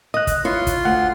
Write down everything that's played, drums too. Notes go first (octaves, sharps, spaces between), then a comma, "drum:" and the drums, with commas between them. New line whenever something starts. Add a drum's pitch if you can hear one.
D#5 D#6 F#6
drum: kick, hi-hat
E4 F4 C#5 C6
drum: kick, hi-hat
D2 F#5